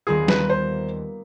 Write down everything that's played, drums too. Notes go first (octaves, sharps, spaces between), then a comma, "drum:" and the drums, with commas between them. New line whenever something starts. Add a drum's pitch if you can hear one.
D#2 D#3 G3 B3 F4 G#4
B4, drum: snare
C5